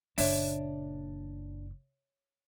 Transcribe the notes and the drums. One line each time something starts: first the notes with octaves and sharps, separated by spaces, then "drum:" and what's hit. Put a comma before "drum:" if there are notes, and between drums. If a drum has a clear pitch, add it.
F#1 A#2 D4 C#5 E5, drum: open hi-hat